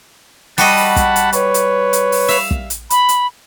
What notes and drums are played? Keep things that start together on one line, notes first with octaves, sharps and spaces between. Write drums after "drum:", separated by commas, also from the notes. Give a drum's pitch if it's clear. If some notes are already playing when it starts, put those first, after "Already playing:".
G3 F#4 D#5 F#5 A5 B5, drum: open hi-hat
drum: open hi-hat
drum: kick, hi-hat
drum: hi-hat
B4 C#5, drum: hi-hat
drum: hi-hat
drum: hi-hat
drum: open hi-hat
E5 F5, drum: open hi-hat
drum: kick
drum: hi-hat
B5, drum: hi-hat
drum: hi-hat